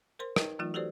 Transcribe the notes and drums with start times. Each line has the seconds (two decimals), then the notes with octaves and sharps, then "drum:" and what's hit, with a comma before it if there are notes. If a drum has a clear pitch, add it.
0.19 A#4 C5 C6
0.36 D#4 A#4 B4 D#5 G5, drum: rim click
0.59 E3 F#3 A3 D#4 F4
0.74 F#4 G4 A4 B4 C5 D5